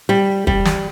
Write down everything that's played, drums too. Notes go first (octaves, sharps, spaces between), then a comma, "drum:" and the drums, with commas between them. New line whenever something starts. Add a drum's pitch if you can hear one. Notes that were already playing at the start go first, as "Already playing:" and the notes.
G3
G3, drum: kick F1
drum: snare